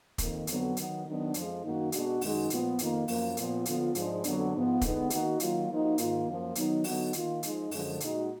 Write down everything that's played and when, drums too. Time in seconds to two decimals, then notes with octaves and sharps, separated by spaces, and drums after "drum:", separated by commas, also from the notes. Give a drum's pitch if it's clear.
0.18 F2 D#3 A#3, drum: kick, hi-hat
0.47 F2 D3 F#3 B3, drum: hi-hat
0.77 D#3 F#3 B3, drum: hi-hat
1.05 D#3 F#3 B3 D4
1.34 F2 F3 G#3, drum: hi-hat
1.63 F#2 D#3 A#3 D#4 F#4
1.92 B2 G#3 D4 F#4, drum: hi-hat
2.21 F#2 D#3 G#3 D#4 F#4, drum: open hi-hat
2.50 A#2 F3 B3 F4, drum: hi-hat
2.79 F2 D#3 A#3 F4, drum: hi-hat
3.08 F#2 F3 A#3, drum: open hi-hat
3.37 A#2 F3 B3 F4, drum: hi-hat
3.65 D3 F3 B3 F4, drum: hi-hat
3.95 G#2 F3 G#3 D4, drum: hi-hat
4.24 F2 D3 F#3 B3 D4, drum: hi-hat
4.53 G#2 F3 B3 F4
4.81 D3 G#3 B3 D#4, drum: kick, hi-hat
5.10 D#3 A#3 D#4 F#4, drum: hi-hat
5.40 D#3 F#3 A#3 F4, drum: hi-hat
5.69 F3 A#3 D#4 F#4
5.98 G#2 D#3 A#3 F4, drum: hi-hat
6.27 F#2 F3 A#3
6.55 D#3 F#3 B3 D#4, drum: hi-hat
6.84 D3 F#3 B3 D#4 F#4, drum: open hi-hat
7.13 D#3 A#3 F4, drum: hi-hat
7.43 F3 G#3 D#4, drum: hi-hat
7.71 F#2 D3 F3 G#3, drum: open hi-hat
8.00 A#2 G#3 D#4 F#4, drum: hi-hat